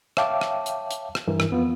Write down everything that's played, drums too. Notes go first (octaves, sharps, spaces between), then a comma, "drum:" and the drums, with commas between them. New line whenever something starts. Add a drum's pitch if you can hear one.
C#5 E5 F5 G5 A5 D6, drum: rim click
drum: rim click
drum: hi-hat
drum: hi-hat
drum: rim click
G2 E3 A#4
drum: rim click
F2 B3 F4